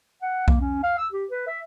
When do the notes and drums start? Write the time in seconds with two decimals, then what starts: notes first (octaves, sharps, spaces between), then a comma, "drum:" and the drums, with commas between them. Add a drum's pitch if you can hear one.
0.22 F#5
0.48 A#3, drum: kick B1
0.60 C#4
0.83 F5
0.98 E6
1.12 G4
1.31 B4
1.47 E5